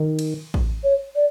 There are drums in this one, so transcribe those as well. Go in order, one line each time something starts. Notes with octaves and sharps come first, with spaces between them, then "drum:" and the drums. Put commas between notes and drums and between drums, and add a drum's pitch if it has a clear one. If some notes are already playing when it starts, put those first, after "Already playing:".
Already playing: D#3
drum: cymbal
drum: kick A1
C#5
D5